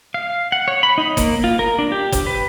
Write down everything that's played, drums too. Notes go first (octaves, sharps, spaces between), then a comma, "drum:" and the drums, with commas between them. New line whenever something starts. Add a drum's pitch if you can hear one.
F5
F#5
C#5
B5
D#4
A#3, drum: kick, hi-hat
F4
A#4
D4
G4
drum: kick, hi-hat
B4